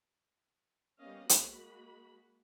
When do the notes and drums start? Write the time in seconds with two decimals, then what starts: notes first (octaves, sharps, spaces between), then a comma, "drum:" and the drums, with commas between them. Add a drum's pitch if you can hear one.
1.00 G3 A#3 B3 C#4 D#5 F5
1.29 G#3 A#3 F#4 B5, drum: hi-hat